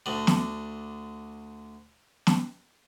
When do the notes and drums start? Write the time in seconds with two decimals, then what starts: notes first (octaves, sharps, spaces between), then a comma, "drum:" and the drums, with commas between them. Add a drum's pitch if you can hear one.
0.06 D2 D3
0.27 drum: snare
2.27 drum: snare